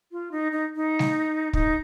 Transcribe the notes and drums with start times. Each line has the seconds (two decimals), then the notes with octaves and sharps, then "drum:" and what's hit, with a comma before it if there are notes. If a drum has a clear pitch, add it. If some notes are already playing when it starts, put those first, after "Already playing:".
0.12 F4
0.32 D#4
0.52 D#4
0.76 D#4
0.99 drum: snare G3
1.53 D#4, drum: kick